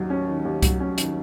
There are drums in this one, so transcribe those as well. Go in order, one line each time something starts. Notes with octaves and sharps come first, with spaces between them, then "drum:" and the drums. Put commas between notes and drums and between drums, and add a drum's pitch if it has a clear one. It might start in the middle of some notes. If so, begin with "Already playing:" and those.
Already playing: D#2 D#3 F#3
C#4
D#3
D#2
F#3, drum: kick C2, hi-hat
C#4
D#3, drum: hi-hat